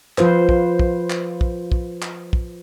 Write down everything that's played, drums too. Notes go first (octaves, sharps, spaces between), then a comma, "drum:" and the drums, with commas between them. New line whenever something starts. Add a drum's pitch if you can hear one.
F3 F4 B4 C5, drum: clap
drum: kick
drum: kick
drum: clap
drum: kick
drum: kick
drum: clap
drum: kick